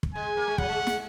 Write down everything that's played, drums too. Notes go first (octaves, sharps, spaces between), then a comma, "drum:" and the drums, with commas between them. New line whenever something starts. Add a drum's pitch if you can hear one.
drum: kick
G#3 G#5
A#3
G#3
F#3 F#5, drum: kick
G#3
drum: snare